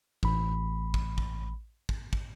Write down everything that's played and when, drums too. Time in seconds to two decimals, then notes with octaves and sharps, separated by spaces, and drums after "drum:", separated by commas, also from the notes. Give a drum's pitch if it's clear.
0.23 A1 B5, drum: kick
0.94 drum: kick
1.18 drum: kick
1.89 drum: kick
2.13 drum: kick